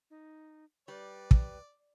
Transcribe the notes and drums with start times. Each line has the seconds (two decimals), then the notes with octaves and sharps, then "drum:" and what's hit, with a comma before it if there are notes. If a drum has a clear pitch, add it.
0.10 D#4
0.88 G3 B4 D5
1.31 drum: kick